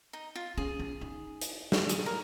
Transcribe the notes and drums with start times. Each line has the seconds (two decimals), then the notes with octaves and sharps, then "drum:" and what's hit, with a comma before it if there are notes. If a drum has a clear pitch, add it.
0.13 D#4
0.36 F4
0.57 C#4 G#4
0.79 C#4
1.01 D#4
1.41 drum: hi-hat
1.72 drum: snare
1.89 G#4, drum: hi-hat
2.06 A#4